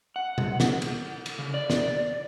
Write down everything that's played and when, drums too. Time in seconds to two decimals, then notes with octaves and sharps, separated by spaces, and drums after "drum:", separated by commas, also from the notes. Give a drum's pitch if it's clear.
0.16 F#5
0.38 drum: tom B2
0.60 drum: snare
0.82 drum: cymbal
1.26 drum: cymbal
1.39 C#3
1.54 D5
1.70 drum: snare